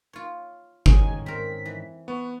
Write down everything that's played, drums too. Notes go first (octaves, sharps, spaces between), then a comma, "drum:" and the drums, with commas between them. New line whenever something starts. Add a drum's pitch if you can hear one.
F4 C#5
G#2 D#3 C#4 D#4 G#5, drum: kick G1
C4 A#4 B6
E3
B3 C#6